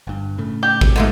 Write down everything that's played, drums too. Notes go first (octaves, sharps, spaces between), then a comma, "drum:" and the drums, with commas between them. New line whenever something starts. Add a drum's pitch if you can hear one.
G1 G2
A2 C#3 A3
G4
drum: kick
F#1 G#2 G#3 A3